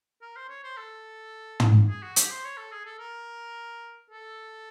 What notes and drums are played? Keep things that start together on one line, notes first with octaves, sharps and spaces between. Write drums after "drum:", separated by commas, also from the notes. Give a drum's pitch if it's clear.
A#4
C5
C#5
C5
A4
drum: tom
G#4
F#4
G4, drum: hi-hat
C5
C#5
A4
G#4
A4
A#4
A4